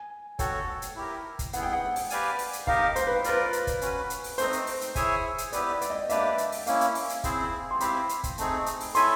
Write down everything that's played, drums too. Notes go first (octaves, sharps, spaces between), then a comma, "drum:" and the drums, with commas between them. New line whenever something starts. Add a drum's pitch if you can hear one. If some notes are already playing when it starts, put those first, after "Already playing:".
Already playing: G#5
F#4 A4 C#5 G5, drum: kick, hi-hat
drum: hi-hat
E4 G4 A#4
drum: kick, hi-hat
B3 E4 G#4 F#5, drum: hi-hat
G5
F#5
drum: open hi-hat
G4 B4 D5 F5 G#5, drum: hi-hat
drum: open hi-hat
drum: hi-hat
D#4 G4 A#4 F5, drum: kick
C5, drum: hi-hat
B4
F4 A#4 B4 D5, drum: hi-hat
drum: hi-hat
drum: kick, hi-hat
C#4 F#4 B4, drum: hi-hat
drum: hi-hat
drum: open hi-hat
A3 C4 D#4 C5, drum: hi-hat
drum: hi-hat
drum: open hi-hat
drum: hi-hat
E4 G#4 C#5 E5 G#5, drum: kick, hi-hat
drum: hi-hat
B3 E4 G4 B4 D5, drum: hi-hat
D5
D5, drum: hi-hat
D#5
A#3 D4 G4 B4 D5 E5, drum: hi-hat
drum: hi-hat
drum: open hi-hat
A#3 C#4 E4 F5, drum: hi-hat
drum: hi-hat
drum: open hi-hat
drum: hi-hat
C4 E4 G#4 C5, drum: kick, hi-hat
C6
C4 E4 G4 C5 F5 B5, drum: hi-hat
drum: hi-hat
drum: kick, hi-hat
A3 C4 D#4 G#4, drum: hi-hat
drum: hi-hat
drum: open hi-hat
E4 A4 C#5 E5 G#5 C6, drum: hi-hat